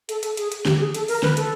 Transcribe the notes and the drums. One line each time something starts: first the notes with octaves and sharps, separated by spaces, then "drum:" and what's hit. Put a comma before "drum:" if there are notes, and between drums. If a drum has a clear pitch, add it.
A4, drum: hi-hat
A4, drum: hi-hat
G#4, drum: hi-hat
drum: hi-hat
G4, drum: snare
G#4
A4, drum: hi-hat
A#4, drum: open hi-hat
B4, drum: snare
A4, drum: hi-hat